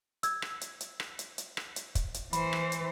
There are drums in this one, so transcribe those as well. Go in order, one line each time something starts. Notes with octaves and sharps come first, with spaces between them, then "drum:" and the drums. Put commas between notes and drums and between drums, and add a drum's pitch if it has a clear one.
E6 G#6, drum: hi-hat
drum: rim click
drum: hi-hat
drum: hi-hat
drum: rim click
drum: hi-hat
drum: hi-hat
drum: rim click
drum: hi-hat
drum: kick, hi-hat
drum: hi-hat
E3 C5 B5, drum: hi-hat
drum: rim click
drum: hi-hat